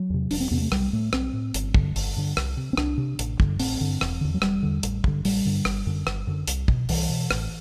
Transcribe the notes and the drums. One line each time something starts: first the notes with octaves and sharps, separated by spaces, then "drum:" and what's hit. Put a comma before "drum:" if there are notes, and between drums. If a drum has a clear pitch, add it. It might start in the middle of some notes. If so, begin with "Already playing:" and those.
Already playing: F#3
E2 C3
E1 D4, drum: open hi-hat
C4
E2 C3 B3
A3
B1 G3, drum: rim click
A2 A3
B1 C4, drum: rim click
A2
G1, drum: hi-hat
G2 D3, drum: kick
G1, drum: open hi-hat
G2 D3
C2, drum: rim click
C3
C4
C2 D4, drum: rim click
C3
A1, drum: hi-hat
G2 D3, drum: kick
A1 C4, drum: open hi-hat
G2 D3
E1, drum: rim click
E2 D3
F#3
E1 G3, drum: rim click
E2 D3
A1, drum: hi-hat
G2 D3, drum: kick
A1 G3, drum: open hi-hat
G2 D3
G1, drum: rim click
F#2 D3
G1, drum: rim click
F#2 D3
C2, drum: hi-hat
B2, drum: kick
C2 E3, drum: open hi-hat
B2
A1, drum: rim click